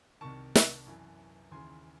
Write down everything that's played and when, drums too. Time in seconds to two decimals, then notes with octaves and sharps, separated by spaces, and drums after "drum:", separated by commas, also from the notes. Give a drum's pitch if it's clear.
0.21 C2 C3 D#3 A5 C#6
0.55 drum: snare
0.87 F#2 E3
1.51 D#2 C#3 E3 G#5 C6